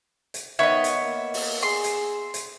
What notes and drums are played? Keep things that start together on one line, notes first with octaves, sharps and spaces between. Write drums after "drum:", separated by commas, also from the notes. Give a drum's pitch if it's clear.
drum: hi-hat
D#3 B3 C#5 D#5 E5
drum: hi-hat
A#3
drum: open hi-hat
G#4 C6
drum: hi-hat
drum: hi-hat